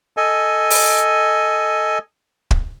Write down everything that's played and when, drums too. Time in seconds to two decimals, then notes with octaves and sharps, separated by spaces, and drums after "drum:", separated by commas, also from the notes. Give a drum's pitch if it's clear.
0.17 A4 D#5 G#5
0.70 drum: open hi-hat
2.51 drum: kick